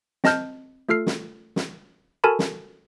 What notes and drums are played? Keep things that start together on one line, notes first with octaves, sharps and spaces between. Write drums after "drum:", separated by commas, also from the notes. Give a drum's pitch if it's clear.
C4 D#5 A5 F6 G6, drum: snare
A3 F4 A4 F6 C7
drum: snare
drum: snare
F#4 A4 A#4 G#5 A5 B5
drum: snare